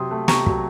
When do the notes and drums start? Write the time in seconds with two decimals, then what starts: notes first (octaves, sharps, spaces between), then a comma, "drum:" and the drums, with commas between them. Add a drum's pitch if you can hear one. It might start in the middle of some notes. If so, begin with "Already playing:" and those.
Already playing: C3 F#3 C6 D#6
0.11 A3
0.28 C3 A#5 C#6, drum: snare
0.46 F#3, drum: kick